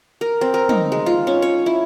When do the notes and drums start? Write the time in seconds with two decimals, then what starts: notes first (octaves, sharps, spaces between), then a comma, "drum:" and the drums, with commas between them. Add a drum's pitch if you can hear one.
0.21 A#4
0.41 C4
0.54 A#4
0.69 D#4, drum: tom
0.92 G#3
1.06 F4
1.27 C#4
1.42 C#5
1.66 E4